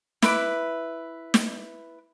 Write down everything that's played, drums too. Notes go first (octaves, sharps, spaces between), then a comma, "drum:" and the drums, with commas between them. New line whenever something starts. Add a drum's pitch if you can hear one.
E4 B4 D6, drum: snare
drum: snare